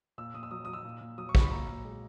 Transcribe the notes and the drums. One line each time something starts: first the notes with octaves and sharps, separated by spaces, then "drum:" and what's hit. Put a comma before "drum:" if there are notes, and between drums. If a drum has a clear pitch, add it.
A#2 E6
A#2 D#6
E6
F#3 D#6
F#3 D#6
E6
A#2
A#2
F#3 D#6
C#6
F#3, drum: kick
B5
A#2 A#5
A#2
G#3